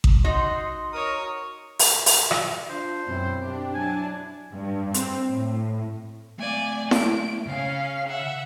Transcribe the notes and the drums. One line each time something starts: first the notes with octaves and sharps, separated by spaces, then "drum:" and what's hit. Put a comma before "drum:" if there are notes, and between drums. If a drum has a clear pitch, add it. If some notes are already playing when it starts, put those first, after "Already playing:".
drum: kick A1
D#4 F#4 D#5 C6
A#4 C#5 D#6
drum: open hi-hat
drum: open hi-hat
drum: rim click
D4 F4 C5
F#2 B2 C4 E4
D4 G4
F#3 E4 G#5 A5
G2
C4, drum: hi-hat
A2
A3 D5 F5 G#5
D7, drum: snare E4
C#3 C#4 F5
E5 F#5